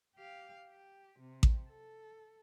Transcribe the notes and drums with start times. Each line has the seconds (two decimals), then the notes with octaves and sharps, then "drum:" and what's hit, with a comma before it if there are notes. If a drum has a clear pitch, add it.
0.15 G4 F5
0.68 G4
1.19 C3
1.43 drum: kick A1
1.67 A4